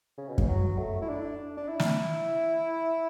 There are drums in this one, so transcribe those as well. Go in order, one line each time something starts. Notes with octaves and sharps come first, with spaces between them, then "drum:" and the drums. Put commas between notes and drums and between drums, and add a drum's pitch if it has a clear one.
C#3
B2
C#3, drum: kick F#2
F#3
A3
E4
D4
D4
E4
drum: snare